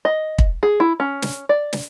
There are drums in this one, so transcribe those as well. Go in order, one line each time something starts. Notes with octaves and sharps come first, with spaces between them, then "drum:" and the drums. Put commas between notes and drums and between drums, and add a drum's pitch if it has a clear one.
D#5
drum: kick
G#4
E4
C#4
drum: snare
D5
drum: snare